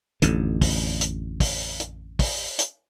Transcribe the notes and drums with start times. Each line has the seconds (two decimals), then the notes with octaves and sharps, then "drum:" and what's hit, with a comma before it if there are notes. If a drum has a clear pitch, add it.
0.22 A1 F2 D3, drum: hi-hat
0.61 drum: kick, open hi-hat
1.01 drum: hi-hat
1.40 drum: kick, open hi-hat
1.80 drum: hi-hat
2.19 drum: kick, open hi-hat
2.59 drum: hi-hat